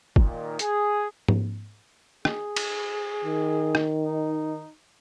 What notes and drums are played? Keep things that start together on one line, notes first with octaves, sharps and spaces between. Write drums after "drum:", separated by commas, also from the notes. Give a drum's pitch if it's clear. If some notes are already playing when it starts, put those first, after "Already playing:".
A#2 D#3, drum: kick
G#4, drum: hi-hat
drum: tom G#2
G#4, drum: rim click
drum: cymbal
D#3
drum: rim click
D#4